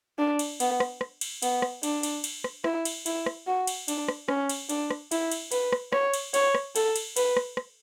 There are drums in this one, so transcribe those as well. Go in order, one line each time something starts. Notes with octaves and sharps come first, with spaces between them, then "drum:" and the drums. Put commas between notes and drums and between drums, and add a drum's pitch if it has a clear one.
D4
drum: cymbal
B3, drum: cymbal
drum: rim click
drum: rim click
drum: cymbal
B3, drum: cymbal
drum: rim click
D4, drum: cymbal
drum: cymbal
drum: cymbal
drum: rim click
E4, drum: rim click
drum: cymbal
E4, drum: cymbal
drum: rim click
F#4
drum: cymbal
D4, drum: cymbal
drum: rim click
C#4, drum: rim click
drum: cymbal
D4, drum: cymbal
drum: rim click
E4, drum: cymbal
drum: cymbal
B4, drum: cymbal
drum: rim click
C#5, drum: rim click
drum: cymbal
C#5, drum: cymbal
drum: rim click
A4, drum: cymbal
drum: cymbal
B4, drum: cymbal
drum: rim click
drum: rim click